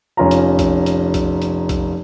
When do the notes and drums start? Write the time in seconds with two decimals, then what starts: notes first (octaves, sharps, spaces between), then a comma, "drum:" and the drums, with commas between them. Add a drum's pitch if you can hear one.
0.17 F1 C#4 F4 A#5
0.31 drum: hi-hat
0.59 drum: kick, hi-hat
0.86 drum: hi-hat
1.14 drum: kick, hi-hat
1.42 drum: hi-hat
1.69 drum: kick, hi-hat